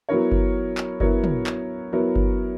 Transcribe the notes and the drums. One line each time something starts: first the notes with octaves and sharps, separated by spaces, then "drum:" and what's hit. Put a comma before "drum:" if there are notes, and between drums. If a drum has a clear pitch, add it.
F#3 B3 E4 A#4 C#5
drum: kick G1
drum: clap
F#3 B3 E4 A#4 C#5, drum: kick G1
drum: tom
drum: clap
F#3 B3 E4 A#4 C#5
drum: kick G1